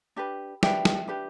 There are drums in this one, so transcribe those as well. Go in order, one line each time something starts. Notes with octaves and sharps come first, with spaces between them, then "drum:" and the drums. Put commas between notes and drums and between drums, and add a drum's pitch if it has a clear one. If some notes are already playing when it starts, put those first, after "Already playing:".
D4 G4 B4
D4 G4 B4 E5 G5, drum: snare
drum: snare
D4 G4 B4